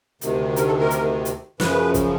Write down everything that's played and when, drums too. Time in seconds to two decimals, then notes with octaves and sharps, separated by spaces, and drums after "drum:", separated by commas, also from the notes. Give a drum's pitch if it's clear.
0.21 D2 C3 D#3, drum: hi-hat
0.56 A#4, drum: hi-hat
0.67 A4
0.79 A#4
0.91 drum: hi-hat
1.25 drum: hi-hat
1.60 F#2 C#3 F3 B4, drum: snare
1.94 drum: kick, hi-hat